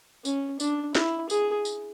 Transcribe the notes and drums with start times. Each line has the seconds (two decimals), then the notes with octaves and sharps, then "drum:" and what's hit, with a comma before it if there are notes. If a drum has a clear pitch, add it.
0.25 C#4, drum: tambourine
0.60 D4, drum: tambourine
0.95 E4, drum: snare
1.30 G#4, drum: tambourine
1.65 drum: tambourine